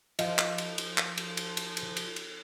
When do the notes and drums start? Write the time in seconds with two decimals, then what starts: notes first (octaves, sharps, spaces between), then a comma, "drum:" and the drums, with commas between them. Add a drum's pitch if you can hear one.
0.19 F3 D#5 F5, drum: cymbal
0.38 drum: clap
0.58 drum: cymbal
0.78 drum: cymbal
0.98 drum: clap
1.18 drum: cymbal
1.37 drum: cymbal
1.57 drum: cymbal
1.77 drum: cymbal
1.97 drum: cymbal
2.16 drum: cymbal